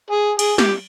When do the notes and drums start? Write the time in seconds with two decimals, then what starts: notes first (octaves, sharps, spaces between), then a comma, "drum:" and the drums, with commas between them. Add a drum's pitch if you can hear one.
0.11 G#4
0.39 G#4, drum: cymbal
0.58 G4, drum: snare